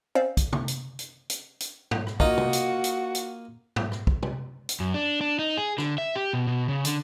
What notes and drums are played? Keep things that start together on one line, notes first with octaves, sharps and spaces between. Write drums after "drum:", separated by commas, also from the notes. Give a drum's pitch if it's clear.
C4 C#4 C5 D5 F5
drum: kick, hi-hat
drum: tom C3
drum: hi-hat
drum: hi-hat
drum: hi-hat
drum: hi-hat
drum: tom G#2
drum: rim click
A#3 D#4 F4 F#4 D#5, drum: kick
drum: tom C3
drum: hi-hat
drum: hi-hat
drum: hi-hat
drum: tom G#2
drum: rim click
drum: kick
drum: tom C3
drum: hi-hat
F#2
D4
D4
D#4
G#4
D3, drum: rim click
E5
G4
B2
B2
C#3
D3, drum: hi-hat